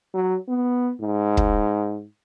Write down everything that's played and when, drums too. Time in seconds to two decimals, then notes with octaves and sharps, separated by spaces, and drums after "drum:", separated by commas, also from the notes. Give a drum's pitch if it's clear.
0.14 F#3
0.48 B3
1.01 G#2
1.37 drum: kick